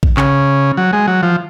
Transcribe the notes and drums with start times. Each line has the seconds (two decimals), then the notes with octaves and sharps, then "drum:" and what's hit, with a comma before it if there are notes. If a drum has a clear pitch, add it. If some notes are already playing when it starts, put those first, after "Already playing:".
0.03 drum: kick A#1
0.17 C#3, drum: clap
0.77 F#3
0.93 G#3
1.08 F#3
1.23 F3